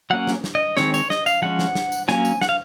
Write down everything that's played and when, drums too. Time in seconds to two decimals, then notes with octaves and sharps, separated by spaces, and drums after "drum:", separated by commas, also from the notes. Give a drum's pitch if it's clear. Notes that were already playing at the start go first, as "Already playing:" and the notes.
0.10 F#3 A#3 C#4 F#5
0.27 drum: snare
0.44 drum: snare
0.55 D#5
0.77 D#3 G#3 C4 C#5, drum: snare
0.94 C#5, drum: tambourine
1.10 D#5, drum: snare
1.26 F5, drum: tambourine
1.42 F3 G#3 C#4 F#5
1.59 drum: snare
1.75 drum: snare
1.92 drum: tambourine
2.08 F#3 A#3 C#4 G#5, drum: snare
2.25 drum: tambourine
2.41 F#5, drum: snare
2.49 F5